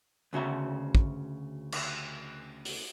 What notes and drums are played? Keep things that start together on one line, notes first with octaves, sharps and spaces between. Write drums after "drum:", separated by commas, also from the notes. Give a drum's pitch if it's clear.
D2 C#3 F#4 E5
drum: kick
drum: cymbal
drum: open hi-hat